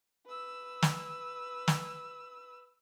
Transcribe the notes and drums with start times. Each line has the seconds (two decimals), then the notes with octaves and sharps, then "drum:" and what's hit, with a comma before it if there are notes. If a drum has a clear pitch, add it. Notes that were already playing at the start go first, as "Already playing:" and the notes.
0.26 B4 E6
0.82 drum: snare
1.68 drum: snare